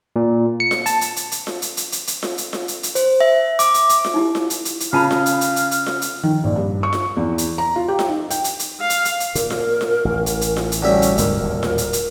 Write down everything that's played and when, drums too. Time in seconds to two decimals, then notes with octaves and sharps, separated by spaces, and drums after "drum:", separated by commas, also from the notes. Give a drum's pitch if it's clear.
0.16 A#2
0.60 C#7
0.71 drum: snare F4
0.86 A5, drum: hi-hat
1.01 drum: hi-hat
1.16 drum: hi-hat
1.32 drum: hi-hat
1.47 drum: snare F4
1.62 drum: hi-hat
1.77 drum: hi-hat
1.92 drum: hi-hat
2.07 drum: hi-hat
2.23 drum: snare F4
2.38 drum: hi-hat
2.53 drum: snare F4
2.68 drum: hi-hat
2.83 drum: hi-hat
2.95 C5, drum: hi-hat
3.21 E5
3.59 D6, drum: hi-hat
3.74 drum: hi-hat
3.89 drum: hi-hat
4.04 drum: snare F4
4.14 D#4 E4 G4
4.35 drum: snare F4
4.50 drum: hi-hat
4.65 drum: hi-hat
4.80 drum: hi-hat
4.93 C#3 F4 F5 A5 B5
5.11 drum: snare F4
5.26 drum: hi-hat
5.41 drum: hi-hat
5.56 drum: hi-hat
5.71 drum: hi-hat
5.86 drum: snare F4
6.02 drum: hi-hat
6.23 D#3
6.44 A#1
6.56 G2
6.83 C#6
6.93 drum: snare F4
7.17 E2
7.38 drum: hi-hat
7.58 A#5
7.76 F4
7.88 G4
7.99 drum: snare F4
8.08 D#4
8.30 G5, drum: hi-hat
8.44 drum: hi-hat
8.59 drum: hi-hat
8.81 F5
8.90 drum: hi-hat
9.05 drum: hi-hat
9.20 drum: hi-hat
9.35 A#2 A#4, drum: hi-hat
9.50 drum: snare F4
9.81 drum: snare F4
10.05 A1
10.26 drum: hi-hat
10.41 drum: hi-hat
10.57 drum: snare F4
10.72 drum: hi-hat
10.82 D2 G3 C#4 E5
11.02 drum: hi-hat
11.18 D1 G#2 C4 A#4, drum: hi-hat
11.39 D#1 D#2 A2
11.63 drum: snare F4
11.78 drum: hi-hat
11.93 drum: hi-hat